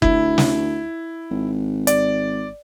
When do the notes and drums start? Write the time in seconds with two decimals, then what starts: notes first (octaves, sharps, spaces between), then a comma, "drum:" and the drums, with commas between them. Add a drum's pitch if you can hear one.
0.02 D2 E4, drum: kick F#1
0.38 drum: snare
1.31 G#1
1.87 D5, drum: hi-hat